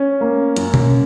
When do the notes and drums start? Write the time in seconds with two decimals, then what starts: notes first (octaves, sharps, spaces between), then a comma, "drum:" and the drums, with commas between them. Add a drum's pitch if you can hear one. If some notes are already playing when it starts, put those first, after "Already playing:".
Already playing: C#4
0.21 A#3
0.56 F#2, drum: hi-hat
0.74 drum: tom B2